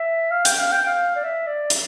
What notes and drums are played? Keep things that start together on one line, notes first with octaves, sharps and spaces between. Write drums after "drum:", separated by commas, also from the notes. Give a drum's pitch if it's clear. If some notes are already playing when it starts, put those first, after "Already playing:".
Already playing: E5
F5
G5, drum: hi-hat
F5
G5
F5
D5
E5
D5
drum: hi-hat